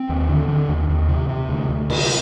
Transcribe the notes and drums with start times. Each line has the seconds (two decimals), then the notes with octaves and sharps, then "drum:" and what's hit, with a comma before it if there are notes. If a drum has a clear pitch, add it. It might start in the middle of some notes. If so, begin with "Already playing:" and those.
Already playing: C4
0.09 D#2
0.29 D3
0.48 D3
0.69 D#2
0.89 D#2
1.09 C3
1.29 C3
1.49 D2
1.69 D2
1.90 C3, drum: cymbal